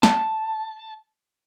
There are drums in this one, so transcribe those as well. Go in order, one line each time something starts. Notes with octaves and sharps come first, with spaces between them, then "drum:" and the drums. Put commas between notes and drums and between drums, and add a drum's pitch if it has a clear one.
A5, drum: snare